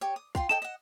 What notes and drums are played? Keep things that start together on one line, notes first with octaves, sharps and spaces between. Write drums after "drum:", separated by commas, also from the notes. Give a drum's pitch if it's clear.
G4 C#5
D#6
F4 G5 C6, drum: kick
A4 D#5 G5 E7
D#5 F#5